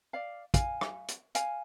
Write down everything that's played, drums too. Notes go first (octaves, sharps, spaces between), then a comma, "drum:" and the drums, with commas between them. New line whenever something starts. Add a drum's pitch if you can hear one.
D5 F5
F5 G#5, drum: kick, hi-hat
drum: rim click
drum: hi-hat
F5 G#5, drum: hi-hat